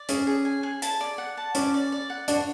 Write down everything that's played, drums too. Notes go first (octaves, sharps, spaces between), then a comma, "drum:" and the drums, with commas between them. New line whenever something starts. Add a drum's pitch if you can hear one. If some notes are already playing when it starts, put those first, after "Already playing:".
Already playing: D5
C#4 G#4, drum: hi-hat
G#4
G#5
G#4
A5, drum: hi-hat
D5
F#5
A5
C#4 D5, drum: hi-hat
D5
D5
F#5
D4 C#5, drum: hi-hat